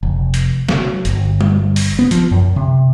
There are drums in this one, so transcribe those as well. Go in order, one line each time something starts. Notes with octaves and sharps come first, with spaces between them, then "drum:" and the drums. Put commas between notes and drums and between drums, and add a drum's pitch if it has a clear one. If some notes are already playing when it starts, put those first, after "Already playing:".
F1
drum: hi-hat
F#3, drum: snare
G1, drum: hi-hat
drum: tom G3
drum: open hi-hat
B3
F3, drum: hi-hat
F#2
C3